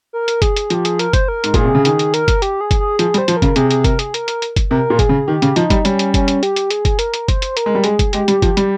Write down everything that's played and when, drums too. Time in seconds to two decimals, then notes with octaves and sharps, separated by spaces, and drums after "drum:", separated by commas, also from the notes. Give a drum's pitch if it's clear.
0.13 A#4
0.28 drum: hi-hat
0.42 G#4, drum: kick F#1, hi-hat
0.56 drum: hi-hat
0.70 F3 G4, drum: hi-hat
0.85 G#4, drum: hi-hat
0.99 A#4, drum: hi-hat
1.13 C5, drum: kick F#1, hi-hat
1.28 A#4
1.44 G#2, drum: hi-hat
1.54 A#2 G#4, drum: kick F#1, hi-hat
1.65 C3
1.75 C#3
1.85 D#3 G#4, drum: hi-hat
1.99 drum: hi-hat
2.14 A#4, drum: hi-hat
2.28 drum: kick F#1, hi-hat
2.42 G4, drum: hi-hat
2.61 G#4
2.71 drum: kick F#1, hi-hat
2.80 G#4
2.99 F3 G#4, drum: hi-hat
3.14 G3, drum: hi-hat
3.18 C5
3.28 F3, drum: hi-hat
3.37 A#4
3.42 C#3, drum: kick F#1, hi-hat
3.56 C3 G#4, drum: hi-hat
3.71 G#4, drum: hi-hat
3.84 A#4, drum: kick F#1, hi-hat
3.99 G#4, drum: hi-hat
4.14 A#4, drum: hi-hat
4.28 drum: hi-hat
4.42 drum: hi-hat
4.56 drum: kick F#1, hi-hat
4.70 C3 A#4
4.90 A#2
4.99 G#4, drum: kick F#1, hi-hat
5.09 C#3
5.27 D#3 G4
5.42 C#3, drum: hi-hat
5.56 F3 D#4, drum: hi-hat
5.70 G3, drum: kick F#1, hi-hat
5.85 G3 C#4, drum: hi-hat
5.99 drum: hi-hat
6.14 C#4, drum: kick F#1, hi-hat
6.28 drum: hi-hat
6.43 G4, drum: hi-hat
6.56 drum: hi-hat
6.70 G#4, drum: hi-hat
6.85 drum: kick F#1, hi-hat
6.99 A#4, drum: hi-hat
7.14 drum: hi-hat
7.28 C5, drum: kick F#1, hi-hat
7.42 drum: hi-hat
7.57 A#4, drum: hi-hat
7.66 G#3
7.75 G3
7.84 G#3 G#4, drum: hi-hat
7.99 drum: kick F#1, hi-hat
8.13 G#3 G4, drum: hi-hat
8.28 G3, drum: hi-hat
8.42 F3, drum: kick F#1, hi-hat
8.57 G3, drum: hi-hat